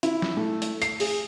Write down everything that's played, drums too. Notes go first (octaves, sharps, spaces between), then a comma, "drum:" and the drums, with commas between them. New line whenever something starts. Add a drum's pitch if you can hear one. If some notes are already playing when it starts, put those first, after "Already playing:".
E4, drum: hi-hat
drum: snare
A3
drum: hi-hat
C7, drum: hi-hat
G#4, drum: open hi-hat